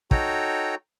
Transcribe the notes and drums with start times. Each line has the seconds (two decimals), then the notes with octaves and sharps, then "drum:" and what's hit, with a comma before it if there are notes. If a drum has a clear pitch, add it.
0.11 D#4 F#4 A4 C#5 G5 A#5, drum: kick